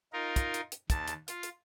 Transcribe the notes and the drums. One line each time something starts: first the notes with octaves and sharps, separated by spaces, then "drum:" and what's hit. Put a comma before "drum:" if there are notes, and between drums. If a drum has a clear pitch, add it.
D#4 F4 A#4
drum: kick, hi-hat
drum: hi-hat
drum: hi-hat
D#2 A5, drum: kick, hi-hat
drum: hi-hat
F4, drum: hi-hat
drum: hi-hat